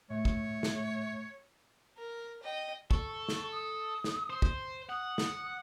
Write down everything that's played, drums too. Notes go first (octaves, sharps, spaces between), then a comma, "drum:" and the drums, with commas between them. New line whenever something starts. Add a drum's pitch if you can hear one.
A2 A3 C#5
drum: kick
drum: snare
A#4
D#5 G5
A4 C#6, drum: kick
drum: snare
D#6
drum: snare
C5
drum: kick
F#5 D#6
drum: snare